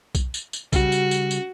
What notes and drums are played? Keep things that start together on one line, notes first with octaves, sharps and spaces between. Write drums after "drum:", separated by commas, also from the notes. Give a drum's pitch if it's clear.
drum: kick B1, tambourine
drum: tambourine
drum: tambourine
C#3 G3 F#4, drum: kick B1, tambourine
drum: tambourine
drum: tambourine
drum: tambourine